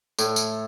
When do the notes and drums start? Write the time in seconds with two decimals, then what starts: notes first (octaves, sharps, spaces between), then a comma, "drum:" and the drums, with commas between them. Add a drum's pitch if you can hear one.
0.19 A2, drum: tambourine
0.36 drum: tambourine